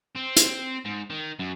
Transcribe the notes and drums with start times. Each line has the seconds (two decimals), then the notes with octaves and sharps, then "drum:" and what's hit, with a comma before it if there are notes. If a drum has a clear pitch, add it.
0.16 C4
0.36 drum: hi-hat
0.85 G#2
1.10 D#3
1.39 F#2